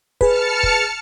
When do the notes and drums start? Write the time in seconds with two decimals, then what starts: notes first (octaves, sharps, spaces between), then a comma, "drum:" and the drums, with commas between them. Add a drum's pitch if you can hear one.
0.21 G#4 B4 A5 F6 C#7, drum: kick
0.63 drum: kick